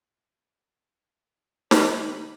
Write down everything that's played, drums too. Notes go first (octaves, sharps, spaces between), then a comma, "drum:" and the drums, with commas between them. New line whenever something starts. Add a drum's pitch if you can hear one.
G2 D#3 D4 D#4 B5, drum: snare